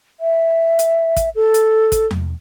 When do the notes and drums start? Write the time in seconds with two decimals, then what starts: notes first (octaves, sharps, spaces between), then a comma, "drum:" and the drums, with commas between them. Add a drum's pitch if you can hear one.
0.20 E5
0.79 drum: hi-hat
1.17 drum: kick, hi-hat
1.35 A4
1.54 drum: hi-hat
1.92 drum: kick, hi-hat
2.11 drum: tom E2